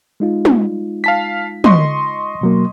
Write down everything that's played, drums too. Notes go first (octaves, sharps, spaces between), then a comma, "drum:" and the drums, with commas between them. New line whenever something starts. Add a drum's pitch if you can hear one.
G#3 D#4 F4
drum: tom
F5 A5 B6
D#5 C6 C#6, drum: tom
B2 F#3 A#3